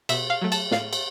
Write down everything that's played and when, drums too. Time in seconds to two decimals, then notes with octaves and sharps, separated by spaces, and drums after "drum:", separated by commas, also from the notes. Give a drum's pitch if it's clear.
0.09 B2 E5, drum: cymbal
0.30 F5
0.41 F#3 A3
0.52 A5, drum: cymbal
0.71 A2 F5, drum: snare
0.93 drum: cymbal